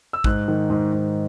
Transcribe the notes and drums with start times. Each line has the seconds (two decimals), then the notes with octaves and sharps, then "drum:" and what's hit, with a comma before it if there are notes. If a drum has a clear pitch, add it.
0.13 E6
0.24 G#2 F#6, drum: kick A1
0.48 D#3
0.70 G#2
0.93 G#2